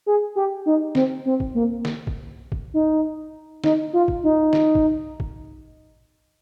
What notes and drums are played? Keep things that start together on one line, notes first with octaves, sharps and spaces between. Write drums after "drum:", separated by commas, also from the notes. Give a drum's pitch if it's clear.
G#4
G4
D#4
C4, drum: snare
C4
drum: kick
A#3
drum: snare
drum: kick
drum: kick
D#4
D#4, drum: snare
F4
drum: kick
D#4
drum: snare
drum: kick
drum: kick